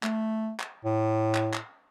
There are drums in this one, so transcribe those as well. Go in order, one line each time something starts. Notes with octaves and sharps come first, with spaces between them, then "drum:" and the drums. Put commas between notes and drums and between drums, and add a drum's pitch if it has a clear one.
A3, drum: clap
drum: clap
A2
drum: clap
drum: clap